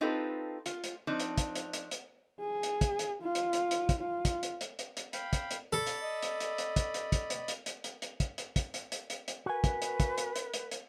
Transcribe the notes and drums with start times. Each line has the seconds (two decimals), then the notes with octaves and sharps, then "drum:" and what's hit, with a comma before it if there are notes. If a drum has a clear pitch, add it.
0.01 C4 D#4 F4 G4 A4 B4
0.66 F4, drum: hi-hat
0.84 drum: hi-hat
1.07 F3 C4 D4 D#4
1.20 drum: hi-hat
1.38 drum: kick, hi-hat
1.55 drum: hi-hat
1.73 drum: hi-hat
1.91 drum: hi-hat
2.41 G#4
2.63 drum: hi-hat
2.81 drum: kick, hi-hat
2.99 drum: hi-hat
3.22 F4
3.35 drum: hi-hat
3.53 drum: hi-hat
3.71 drum: hi-hat
3.89 drum: kick, hi-hat
4.00 F4
4.25 drum: kick, hi-hat
4.43 drum: hi-hat
4.61 drum: hi-hat
4.79 drum: hi-hat
4.97 drum: hi-hat
5.13 F5 G5 B5, drum: hi-hat
5.33 drum: kick, hi-hat
5.51 drum: hi-hat
5.73 A4 D5 B5
5.87 drum: hi-hat
6.02 D#5
6.22 drum: hi-hat
6.40 drum: hi-hat
6.58 drum: hi-hat
6.76 drum: kick, hi-hat
6.94 drum: hi-hat
7.12 drum: kick, hi-hat
7.30 drum: hi-hat
7.48 drum: hi-hat
7.66 drum: hi-hat
7.84 drum: hi-hat
8.02 drum: hi-hat
8.20 drum: kick, hi-hat
8.38 drum: hi-hat
8.56 drum: kick, hi-hat
8.74 drum: hi-hat
8.92 drum: hi-hat
9.10 drum: hi-hat
9.28 drum: hi-hat
9.46 F#4 A#4 B4 G#5
9.64 drum: kick, hi-hat
9.82 drum: hi-hat
10.00 drum: kick, hi-hat
10.18 drum: hi-hat
10.36 drum: hi-hat
10.54 drum: hi-hat
10.71 drum: hi-hat